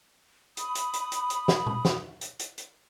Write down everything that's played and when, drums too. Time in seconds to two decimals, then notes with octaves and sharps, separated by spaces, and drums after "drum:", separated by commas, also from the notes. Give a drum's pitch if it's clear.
0.57 B5 D#6, drum: hi-hat
0.75 drum: hi-hat
0.93 drum: hi-hat
1.12 drum: hi-hat
1.30 drum: hi-hat
1.48 drum: snare
1.66 drum: tom A#2
1.85 drum: snare
2.21 drum: hi-hat
2.39 drum: hi-hat
2.58 drum: hi-hat